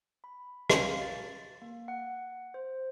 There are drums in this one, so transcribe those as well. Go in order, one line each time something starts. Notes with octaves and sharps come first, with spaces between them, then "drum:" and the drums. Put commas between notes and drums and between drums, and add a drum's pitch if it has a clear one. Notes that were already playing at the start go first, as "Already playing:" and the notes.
B5
F5, drum: rim click
A6
A#3
F#5
C5